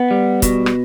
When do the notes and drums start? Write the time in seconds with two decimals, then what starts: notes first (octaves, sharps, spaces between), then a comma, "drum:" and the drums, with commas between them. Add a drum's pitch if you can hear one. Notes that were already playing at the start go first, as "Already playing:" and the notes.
Already playing: B3
0.11 G3
0.42 B2, drum: kick, hi-hat
0.66 drum: rim click